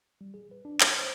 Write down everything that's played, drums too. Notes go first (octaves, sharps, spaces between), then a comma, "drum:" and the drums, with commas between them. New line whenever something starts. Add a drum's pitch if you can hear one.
G3
G#4
B4
D4
D6, drum: clap
C5